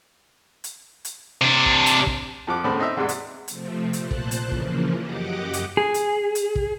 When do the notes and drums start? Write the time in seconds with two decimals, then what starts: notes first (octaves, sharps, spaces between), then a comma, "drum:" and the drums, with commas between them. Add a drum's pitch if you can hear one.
0.64 drum: hi-hat
1.05 drum: hi-hat
1.41 C3 D4
1.66 drum: kick
1.86 drum: hi-hat
2.07 drum: kick
2.47 F2 F3 F#5 D6
2.64 D#2 A2 C#3 B3 C5 B5
2.79 C4 D#4 D#5 E5
2.97 E2 G#2 C3 G3 G#3 B3
3.09 drum: hi-hat
3.48 C3 F3 A3 C4, drum: hi-hat
3.93 A#2 C5 A5 F#6, drum: hi-hat
4.11 drum: kick
4.31 drum: hi-hat
4.41 C#3 E3 F3 A#3
4.51 drum: kick
4.97 F#2 G4 D#5 F#5 D6
5.53 drum: hi-hat
5.77 G#4
5.94 drum: hi-hat
6.35 drum: hi-hat
6.55 drum: kick